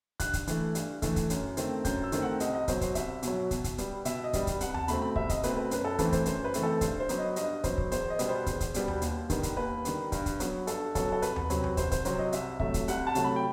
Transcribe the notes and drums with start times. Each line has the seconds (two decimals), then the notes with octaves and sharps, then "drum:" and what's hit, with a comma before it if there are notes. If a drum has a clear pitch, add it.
0.20 G2 F#6, drum: kick, hi-hat
0.33 drum: kick, hi-hat
0.47 E3 A3, drum: hi-hat
0.75 G2, drum: hi-hat
1.02 E3 A3, drum: kick, hi-hat
1.16 drum: kick, hi-hat
1.30 F#2, drum: hi-hat
1.57 D#3 A3 C4, drum: hi-hat
1.85 F#2 G6, drum: kick, hi-hat
2.04 E6
2.12 D#3 A3 C4, drum: hi-hat
2.22 F#5
2.40 C2 D#5, drum: hi-hat
2.55 D#5
2.68 B2 F#3 C5, drum: kick, hi-hat
2.81 C5, drum: kick, hi-hat
2.95 C2 E5, drum: hi-hat
3.23 B2 F#3, drum: hi-hat
3.51 B2, drum: kick, hi-hat
3.64 drum: kick, hi-hat
3.78 G3 B3, drum: hi-hat
4.05 B2 E5, drum: hi-hat
4.24 D#5
4.33 G3 B3, drum: kick, hi-hat
4.47 drum: kick, hi-hat
4.61 C2 F#5, drum: hi-hat
4.74 A5, drum: tom D#2
4.88 B2 A3 C4 B5, drum: hi-hat
5.02 B5
5.16 C2 E5, drum: kick
5.29 D#5, drum: kick, hi-hat
5.43 B2 A3 C4 B4, drum: hi-hat
5.57 B4
5.71 F#2 B4, drum: hi-hat
5.85 A4
5.99 E3 A3 C4 B4, drum: kick, hi-hat
6.12 C5, drum: kick, hi-hat
6.26 F#2 C5, drum: hi-hat
6.44 B4
6.54 E3 A3 C4, drum: hi-hat
6.63 A4
6.81 G2 C5, drum: kick, hi-hat
7.00 C5
7.09 F#3 B3, drum: hi-hat
7.18 D#5
7.36 G2 D#5, drum: hi-hat
7.64 F#3 B3 C5, drum: kick, hi-hat
7.78 drum: kick
7.92 E2 C5, drum: hi-hat
8.10 D#5
8.19 B2 G3 B3, drum: hi-hat
8.29 C5
8.46 E2, drum: kick, hi-hat
8.60 drum: kick, hi-hat
8.74 B2 G3 B3, drum: hi-hat
8.88 drum: tom D#2
9.02 D#2, drum: hi-hat
9.30 D#3 G3 B3, drum: kick, hi-hat
9.43 drum: kick, hi-hat
9.57 D#2 B4
9.85 D#3 G3 B3, drum: hi-hat
10.12 G2, drum: kick, hi-hat
10.26 drum: kick, hi-hat
10.40 F#3 B3, drum: hi-hat
10.67 G2 A4, drum: hi-hat
10.95 F#3 B3 A4, drum: kick, hi-hat
11.12 A4
11.22 C2 B4, drum: hi-hat
11.36 drum: tom D#2
11.50 C3 F#3 C4, drum: hi-hat
11.64 drum: tom D#2
11.77 C2 C5, drum: kick, hi-hat
11.92 C5, drum: kick, hi-hat
12.05 C3 F#3 C4 C5, drum: hi-hat
12.18 D#5
12.32 C2 E5, drum: hi-hat
12.60 C3 F#3 A3 E5, drum: kick
12.74 drum: kick, hi-hat
12.88 C2 F#5, drum: hi-hat
13.07 A5
13.15 C3 F#3 A3, drum: hi-hat
13.24 B5
13.36 G5